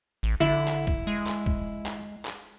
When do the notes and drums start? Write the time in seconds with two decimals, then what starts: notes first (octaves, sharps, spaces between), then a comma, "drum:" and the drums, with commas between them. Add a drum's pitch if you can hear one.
0.23 A1
0.41 D3 E4
0.68 drum: clap
0.87 drum: kick
1.07 G#3
1.27 drum: clap
1.46 drum: kick
1.86 drum: clap
2.25 drum: clap